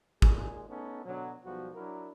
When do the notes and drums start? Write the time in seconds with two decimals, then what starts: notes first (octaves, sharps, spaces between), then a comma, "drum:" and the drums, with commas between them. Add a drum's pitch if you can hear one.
0.22 D#2 A#2 G#3 G#4, drum: kick
0.68 A3 B3 C#4 D#4 A4
1.05 B2 D3 F#3
1.44 B1 F3 G3 B3 F#4
1.74 F#3 D4 E4 A#4